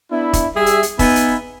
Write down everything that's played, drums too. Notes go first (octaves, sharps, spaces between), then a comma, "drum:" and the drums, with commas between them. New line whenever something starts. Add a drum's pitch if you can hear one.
B3 D4 E4
drum: kick, hi-hat
G3 G4 G#4 E5
drum: hi-hat
drum: hi-hat
B3 D#4 E5 G#5 B5, drum: kick, open hi-hat
drum: hi-hat